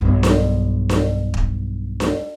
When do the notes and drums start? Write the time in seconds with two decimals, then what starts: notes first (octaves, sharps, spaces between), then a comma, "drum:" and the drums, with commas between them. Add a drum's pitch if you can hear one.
0.01 B1 G2
0.23 drum: snare D4
0.89 drum: snare D4
1.34 drum: kick
2.00 drum: snare D4